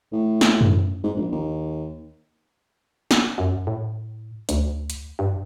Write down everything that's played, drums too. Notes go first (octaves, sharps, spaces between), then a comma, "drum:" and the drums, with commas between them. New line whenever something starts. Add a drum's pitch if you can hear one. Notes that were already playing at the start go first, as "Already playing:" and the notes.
A2
drum: snare
drum: tom F#2
G#2
A#1
D#2
drum: snare
F#2
A2
D2, drum: hi-hat
drum: hi-hat
G2